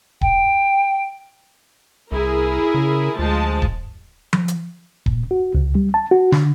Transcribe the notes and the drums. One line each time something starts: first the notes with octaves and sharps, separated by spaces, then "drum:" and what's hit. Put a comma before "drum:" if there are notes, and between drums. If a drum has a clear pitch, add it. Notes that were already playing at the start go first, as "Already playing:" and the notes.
G5, drum: kick D#1
C2 E4 G#4 A#4
C#3
D2 F3 G#3 A5
drum: kick D#1
drum: tom F3
drum: hi-hat
A#2, drum: kick D#1
F#4
C#2
G3
A5
F#4
D3, drum: snare